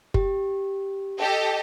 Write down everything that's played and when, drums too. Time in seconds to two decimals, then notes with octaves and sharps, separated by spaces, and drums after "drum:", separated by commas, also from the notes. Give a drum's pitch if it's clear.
0.14 G4, drum: kick
1.18 G4 A4 D#5